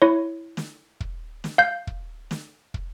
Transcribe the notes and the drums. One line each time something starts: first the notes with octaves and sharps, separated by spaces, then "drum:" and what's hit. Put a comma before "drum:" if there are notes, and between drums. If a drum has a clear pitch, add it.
E4 C#5
drum: snare
drum: kick
drum: snare
F5 G6
drum: kick
drum: snare
drum: kick